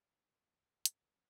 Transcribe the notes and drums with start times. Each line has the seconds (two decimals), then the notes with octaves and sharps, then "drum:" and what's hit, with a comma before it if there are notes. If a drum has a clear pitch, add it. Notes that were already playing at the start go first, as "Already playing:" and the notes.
0.12 C4
0.27 G2 C3
0.51 C#2 A2 C3 E3
0.65 F#2 E3
0.85 drum: hi-hat
1.00 D1 G#1 C#3
1.14 F3 C#4